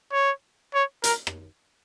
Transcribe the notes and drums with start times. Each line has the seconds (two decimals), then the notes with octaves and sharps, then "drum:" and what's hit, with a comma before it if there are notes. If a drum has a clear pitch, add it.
0.13 C#5
0.74 C#5
1.04 A#4, drum: hi-hat
1.27 drum: rim click